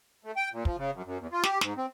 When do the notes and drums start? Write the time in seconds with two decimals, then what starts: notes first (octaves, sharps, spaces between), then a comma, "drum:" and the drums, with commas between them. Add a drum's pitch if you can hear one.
0.24 A3
0.36 G5
0.52 A#2
0.65 F3, drum: kick
0.77 C#3
0.93 F#2
1.05 F#2
1.19 E2
1.32 F4
1.43 G4, drum: snare
1.61 G#2, drum: snare
1.77 C4